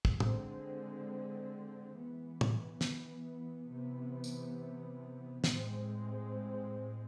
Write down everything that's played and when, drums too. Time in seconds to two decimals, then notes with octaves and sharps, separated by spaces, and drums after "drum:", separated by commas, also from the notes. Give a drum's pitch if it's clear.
0.05 drum: kick
0.20 D3 G#3 C4, drum: tom
1.95 E3 B3
2.41 drum: tom
2.81 drum: snare
3.69 C3 E3 B3
4.24 drum: tambourine
5.44 A2 G#3 C4, drum: snare